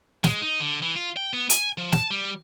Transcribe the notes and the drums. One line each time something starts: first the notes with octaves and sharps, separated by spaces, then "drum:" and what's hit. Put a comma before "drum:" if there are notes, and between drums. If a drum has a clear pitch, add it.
G#3, drum: snare
D#4
D3
E3
F4
G5
B3
G#5, drum: hi-hat
F3
A5, drum: snare
G3